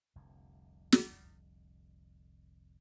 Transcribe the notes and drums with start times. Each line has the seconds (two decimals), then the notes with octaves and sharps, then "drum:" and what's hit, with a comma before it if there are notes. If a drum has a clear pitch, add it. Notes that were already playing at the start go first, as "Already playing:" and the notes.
0.16 F1 C2 F2 D3
0.92 drum: snare